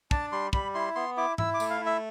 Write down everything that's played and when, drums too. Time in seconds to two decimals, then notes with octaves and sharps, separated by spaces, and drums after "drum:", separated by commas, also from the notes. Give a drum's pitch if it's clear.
0.11 D4 A5, drum: kick
0.32 G3 C6
0.53 G3 B5, drum: kick
0.75 E4 C6
0.95 B3 C6
1.17 E4 D6
1.38 E4 E6, drum: tom G#2
1.54 D6
1.60 A3, drum: tambourine
1.70 F5
1.81 E4
1.86 E5